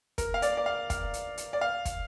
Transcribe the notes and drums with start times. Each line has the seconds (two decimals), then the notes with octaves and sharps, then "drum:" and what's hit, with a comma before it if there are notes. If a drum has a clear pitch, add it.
0.18 A#4, drum: kick, hi-hat
0.34 F5
0.42 D5, drum: hi-hat
0.57 D5
0.66 F5
0.90 F5, drum: kick, hi-hat
1.14 drum: hi-hat
1.37 drum: hi-hat
1.53 D5
1.61 F5
1.85 drum: kick, hi-hat